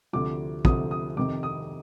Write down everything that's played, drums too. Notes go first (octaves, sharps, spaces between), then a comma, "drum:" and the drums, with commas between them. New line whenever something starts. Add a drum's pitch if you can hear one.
D2 C3 F3 D6
D2 C3 F3 D#6, drum: kick
D#6
F2 C3 D#3 D6
D#6